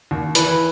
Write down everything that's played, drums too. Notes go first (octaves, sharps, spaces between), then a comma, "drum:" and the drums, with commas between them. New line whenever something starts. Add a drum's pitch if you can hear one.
D#2
E3 B4, drum: hi-hat